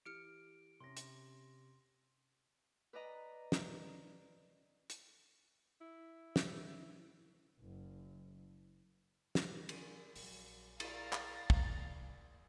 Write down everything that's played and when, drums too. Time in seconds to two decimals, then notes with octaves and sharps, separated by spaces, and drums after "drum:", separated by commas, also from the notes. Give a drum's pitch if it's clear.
0.06 E3 G4 F6 C#7 D7
0.80 C3 C#4 C6 A#6
0.97 drum: hi-hat
2.93 B4 D5 D#5 A#5
3.52 drum: snare
4.90 drum: hi-hat
5.81 E4
6.36 drum: snare
7.60 F#1
9.35 drum: snare
9.69 drum: cymbal
10.16 A#1 F#3, drum: open hi-hat
10.80 E4 D5 F5 A#5 A6, drum: cymbal
11.13 drum: clap
11.50 C2, drum: kick